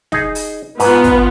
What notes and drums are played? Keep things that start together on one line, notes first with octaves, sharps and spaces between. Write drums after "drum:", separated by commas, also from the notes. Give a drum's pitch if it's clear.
D#4 G#4, drum: snare
drum: open hi-hat
G#2 B3 F4 B4, drum: open hi-hat
drum: kick, hi-hat